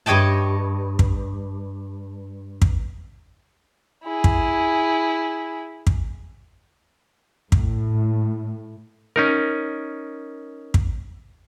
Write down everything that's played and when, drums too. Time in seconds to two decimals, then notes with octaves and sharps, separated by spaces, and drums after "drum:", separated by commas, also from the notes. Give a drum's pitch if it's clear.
0.06 G2 C#5 D#5 G5 A5
0.99 drum: kick
2.62 drum: kick
4.04 E4 G#4
4.24 drum: kick
5.87 drum: kick
7.52 A2, drum: kick
9.16 C#4 D#4 A#4
10.74 drum: kick